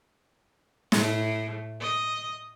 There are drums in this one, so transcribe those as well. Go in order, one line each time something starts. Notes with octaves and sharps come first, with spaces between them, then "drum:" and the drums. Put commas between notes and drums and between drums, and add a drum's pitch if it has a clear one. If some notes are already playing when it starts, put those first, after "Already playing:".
A2, drum: snare
D#5